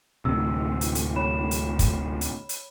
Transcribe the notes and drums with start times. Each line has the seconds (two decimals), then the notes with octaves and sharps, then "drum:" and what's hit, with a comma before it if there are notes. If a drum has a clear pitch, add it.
0.25 D2 A2 C3 E6
0.81 drum: hi-hat
0.95 drum: hi-hat
1.16 C#5 B5 E7
1.51 drum: hi-hat
1.79 drum: kick, hi-hat
2.21 drum: hi-hat
2.49 drum: hi-hat